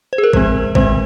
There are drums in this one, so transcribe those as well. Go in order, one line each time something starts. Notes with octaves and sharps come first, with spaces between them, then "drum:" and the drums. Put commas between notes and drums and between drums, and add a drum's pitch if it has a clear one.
C5
G#4
A#4
F3 G#3 C4 C5, drum: kick G#1
D#3 G#3 C4 C5, drum: kick G#1